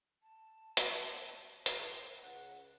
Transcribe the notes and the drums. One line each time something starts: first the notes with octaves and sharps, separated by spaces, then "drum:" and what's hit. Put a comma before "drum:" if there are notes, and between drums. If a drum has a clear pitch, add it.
A5
drum: hi-hat
drum: hi-hat
C#2 F#5